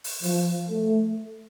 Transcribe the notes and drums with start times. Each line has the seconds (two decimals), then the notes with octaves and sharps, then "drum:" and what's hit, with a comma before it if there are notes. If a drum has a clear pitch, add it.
0.04 drum: open hi-hat
0.23 F3, drum: open hi-hat
0.69 A3